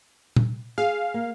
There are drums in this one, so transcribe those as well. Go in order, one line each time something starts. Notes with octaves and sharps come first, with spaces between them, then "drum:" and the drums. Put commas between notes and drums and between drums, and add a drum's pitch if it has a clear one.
drum: tom A#2
G#4 F5
A#3